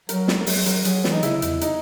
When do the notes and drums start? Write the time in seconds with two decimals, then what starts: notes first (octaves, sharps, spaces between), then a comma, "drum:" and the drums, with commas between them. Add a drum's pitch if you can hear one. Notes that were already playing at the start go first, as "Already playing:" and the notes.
0.09 F#3 A#4, drum: hi-hat
0.28 drum: snare
0.39 A#4
0.47 F#3 G#4, drum: open hi-hat
0.66 F#3 A#4, drum: hi-hat
0.85 F#3 G#4, drum: hi-hat
1.04 E3, drum: snare
1.12 D#4
1.23 C#3 E4, drum: hi-hat
1.42 E2, drum: hi-hat
1.61 D#4, drum: hi-hat